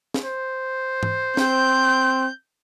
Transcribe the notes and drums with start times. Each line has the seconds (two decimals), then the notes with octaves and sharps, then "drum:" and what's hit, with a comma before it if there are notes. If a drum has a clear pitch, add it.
0.14 drum: snare
0.24 C5
1.03 drum: tom G#2
1.37 C4 G6, drum: snare